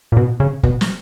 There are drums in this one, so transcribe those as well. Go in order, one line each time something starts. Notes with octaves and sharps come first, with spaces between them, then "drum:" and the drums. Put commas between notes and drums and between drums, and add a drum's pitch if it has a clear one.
A#2
B2
C#3
B2, drum: kick F#1
drum: snare